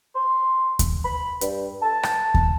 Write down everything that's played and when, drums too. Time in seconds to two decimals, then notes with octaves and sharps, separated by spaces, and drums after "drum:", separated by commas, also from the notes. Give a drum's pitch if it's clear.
0.15 C6
0.79 drum: kick D#2, hi-hat
1.05 B5
1.41 G2, drum: hi-hat
1.83 A5
2.03 drum: rim click
2.34 drum: kick D#2